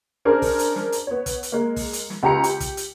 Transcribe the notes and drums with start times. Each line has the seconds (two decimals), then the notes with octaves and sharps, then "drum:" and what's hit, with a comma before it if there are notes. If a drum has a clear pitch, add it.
0.25 C#4 D4 G#4 A#4 C5
0.42 drum: kick, open hi-hat
0.59 drum: hi-hat
0.76 drum: snare
0.92 drum: hi-hat
1.07 B3 C#5
1.26 drum: kick, hi-hat
1.43 drum: hi-hat
1.52 G#3 A#3
1.76 drum: kick, open hi-hat
1.93 drum: hi-hat
2.10 drum: snare
2.23 C#2 G4 A#5 C#7
2.44 G4, drum: hi-hat
2.60 drum: kick, hi-hat
2.77 drum: hi-hat